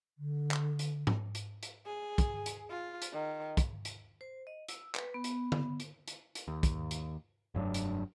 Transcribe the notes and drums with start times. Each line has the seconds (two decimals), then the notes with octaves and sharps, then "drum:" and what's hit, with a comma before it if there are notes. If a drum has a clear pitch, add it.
0.18 D3
0.51 drum: clap
0.79 drum: hi-hat
1.07 drum: tom G#2
1.35 drum: hi-hat
1.63 drum: hi-hat
1.86 G#4
2.18 drum: kick, hi-hat
2.46 drum: hi-hat
2.70 F4
3.02 drum: hi-hat
3.12 D#3
3.57 drum: kick, hi-hat
3.85 drum: hi-hat
4.21 C5
4.47 D#5
4.68 E6, drum: hi-hat
4.95 B4, drum: clap
5.14 B3
5.24 drum: hi-hat
5.52 drum: tom D3
5.80 drum: hi-hat
6.08 drum: hi-hat
6.35 drum: hi-hat
6.48 D#2
6.63 drum: kick, hi-hat
6.91 drum: hi-hat
7.55 F1 G2 F#3 D4
7.74 drum: hi-hat